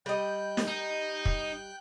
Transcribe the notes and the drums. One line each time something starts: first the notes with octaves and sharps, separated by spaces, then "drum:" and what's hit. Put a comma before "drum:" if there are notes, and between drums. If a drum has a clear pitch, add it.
G3 D#5 G5 F#6 G6
drum: snare
D#4
drum: kick